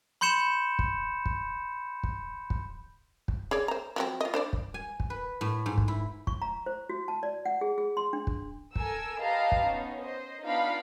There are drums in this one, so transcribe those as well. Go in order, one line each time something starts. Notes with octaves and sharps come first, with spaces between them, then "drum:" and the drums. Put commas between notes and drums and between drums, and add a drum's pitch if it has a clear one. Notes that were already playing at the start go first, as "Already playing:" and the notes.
B5 C6 G6 C#7 E7
drum: kick
drum: kick
drum: kick
drum: kick
drum: kick
G#4 C#5 D5
C5 A#5
F3 F#3 C4
F4 D#5
D4 C5 D5
drum: kick
G#5
drum: kick
B4
A2
G#2
drum: kick
E4
C#6, drum: kick
A#5
C5
F#4
A5
D5
F#5
G#4
G#4
C6
D4
drum: kick
A4 A#4 G#5 E6, drum: kick
G4 B4 D#5 F5 A5 A#5
drum: kick
B3 C#4 D#4
C5 D#5
B3 D4 D#4 F4 F5 B5